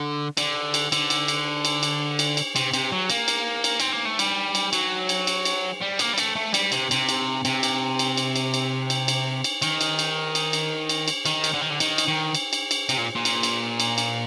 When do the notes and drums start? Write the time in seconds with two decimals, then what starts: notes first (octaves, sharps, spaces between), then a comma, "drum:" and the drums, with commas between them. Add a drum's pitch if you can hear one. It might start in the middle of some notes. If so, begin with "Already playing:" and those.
Already playing: D3
0.37 D3, drum: cymbal
0.74 drum: cymbal
0.92 D3, drum: cymbal
1.10 drum: cymbal
1.28 drum: cymbal
1.65 drum: cymbal
1.83 drum: cymbal
2.19 drum: cymbal
2.37 drum: cymbal
2.56 C3, drum: cymbal
2.74 C3, drum: cymbal
2.92 F#3
3.10 A#3, drum: cymbal
3.28 drum: cymbal
3.64 drum: cymbal
3.80 C4, drum: cymbal
3.93 A#3
4.05 A3
4.19 G3, drum: cymbal
4.55 drum: cymbal
4.73 F#3, drum: cymbal
5.09 drum: cymbal
5.27 drum: cymbal
5.45 drum: cymbal
5.81 G3
5.99 A#3, drum: cymbal
6.13 G3
6.18 A3, drum: cymbal
6.36 A3
6.54 G3, drum: cymbal
6.72 C3, drum: cymbal
6.91 C3, drum: cymbal
7.09 drum: cymbal
7.45 C3, drum: cymbal
7.63 drum: cymbal
7.99 drum: cymbal
8.17 drum: cymbal
8.36 drum: cymbal
8.54 drum: cymbal
8.90 drum: cymbal
9.08 drum: cymbal
9.44 drum: cymbal
9.62 D#3, drum: cymbal
9.81 drum: cymbal
9.99 drum: cymbal
10.35 drum: cymbal
10.53 drum: cymbal
10.89 drum: cymbal
11.08 drum: cymbal
11.25 D#3, drum: cymbal
11.44 drum: cymbal
11.54 D3
11.61 D#3
11.70 D3
11.80 D#3, drum: cymbal
11.98 drum: cymbal
12.07 D#3
12.35 drum: cymbal
12.53 drum: cymbal
12.71 drum: cymbal
12.89 C3, drum: cymbal
12.98 A#2
13.15 A#2
13.25 drum: cymbal
13.43 drum: cymbal
13.80 drum: cymbal
13.98 drum: cymbal